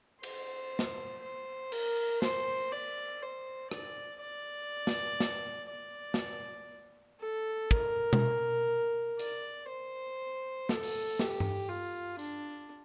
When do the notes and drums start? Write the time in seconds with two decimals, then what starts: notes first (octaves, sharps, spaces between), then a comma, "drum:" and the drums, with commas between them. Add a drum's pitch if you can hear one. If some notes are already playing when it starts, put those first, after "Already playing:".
0.23 C5, drum: cymbal
0.79 drum: snare
1.23 C5
1.72 A#4, drum: cymbal
2.22 C5, drum: snare
2.73 D5
3.22 C5
3.71 D5, drum: rim click
4.21 D5
4.87 drum: snare
5.20 drum: snare
5.71 D5
6.14 drum: snare
7.21 A4
7.71 A#4, drum: kick
8.13 drum: tom B2
9.19 D5, drum: hi-hat
9.69 C5
10.69 A4, drum: snare
10.83 drum: open hi-hat
11.19 G4, drum: snare
11.40 drum: tom G2
11.68 F4
12.19 D4, drum: tambourine